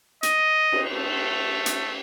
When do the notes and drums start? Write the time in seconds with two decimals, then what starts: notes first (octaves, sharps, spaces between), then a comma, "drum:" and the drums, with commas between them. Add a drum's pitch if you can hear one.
0.23 D#5, drum: hi-hat
0.72 drum: cymbal
0.95 A3
1.66 drum: hi-hat